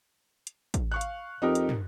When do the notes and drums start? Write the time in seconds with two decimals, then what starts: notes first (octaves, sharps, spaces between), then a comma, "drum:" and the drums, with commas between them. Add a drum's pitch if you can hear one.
0.47 drum: hi-hat
0.74 drum: kick, hi-hat
0.92 F5 C#6 F#6
1.01 drum: hi-hat
1.42 F2 D#4 G4 A#4
1.55 drum: hi-hat
1.69 drum: tom